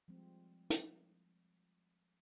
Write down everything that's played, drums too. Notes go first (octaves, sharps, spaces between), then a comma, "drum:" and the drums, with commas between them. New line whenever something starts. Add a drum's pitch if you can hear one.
F3 G3 G#3 C4
drum: hi-hat